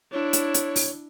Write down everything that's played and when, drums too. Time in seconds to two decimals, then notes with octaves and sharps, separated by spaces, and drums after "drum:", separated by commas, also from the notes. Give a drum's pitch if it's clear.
0.12 D4 E4 C#5
0.33 drum: hi-hat
0.54 drum: hi-hat
0.76 drum: open hi-hat